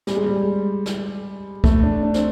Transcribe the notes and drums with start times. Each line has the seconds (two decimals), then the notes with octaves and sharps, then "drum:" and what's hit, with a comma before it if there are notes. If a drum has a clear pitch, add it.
0.07 G3, drum: snare
0.17 G#3
0.26 G3
0.86 drum: snare
1.64 A3, drum: kick
1.83 D4
2.03 D4
2.14 C4, drum: snare